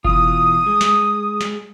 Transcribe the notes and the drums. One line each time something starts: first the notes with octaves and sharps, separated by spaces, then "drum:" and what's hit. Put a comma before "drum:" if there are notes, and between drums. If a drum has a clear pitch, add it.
B2 E3 F4 D#6, drum: kick F#1
G#3
drum: snare
drum: snare